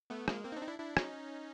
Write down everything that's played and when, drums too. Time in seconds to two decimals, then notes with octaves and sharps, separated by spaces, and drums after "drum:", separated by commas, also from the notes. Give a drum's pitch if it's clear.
0.10 A3 B3
0.28 G#3 A#3, drum: rim click
0.45 A#3 C4
0.52 D#4
0.56 C4 D4
0.62 D#4
0.67 D4 E4
0.79 D4 E4
0.97 C#4 D#4, drum: rim click